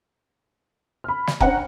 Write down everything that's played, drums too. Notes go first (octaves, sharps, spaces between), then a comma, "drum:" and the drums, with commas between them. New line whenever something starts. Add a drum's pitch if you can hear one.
B5 F6
drum: snare
C#4 D4 C5 F#5 G5 A#5, drum: kick F1